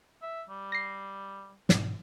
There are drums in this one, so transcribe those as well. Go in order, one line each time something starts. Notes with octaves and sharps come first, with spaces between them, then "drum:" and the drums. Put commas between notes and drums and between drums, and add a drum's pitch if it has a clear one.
E5
G3
A#6 C7
G#2 B2 E3, drum: snare